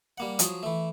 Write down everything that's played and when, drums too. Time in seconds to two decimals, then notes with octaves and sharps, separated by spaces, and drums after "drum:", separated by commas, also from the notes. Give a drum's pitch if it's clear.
0.18 G3 A#3 F#5
0.39 F3 F#3 G#4, drum: hi-hat
0.63 E3 A3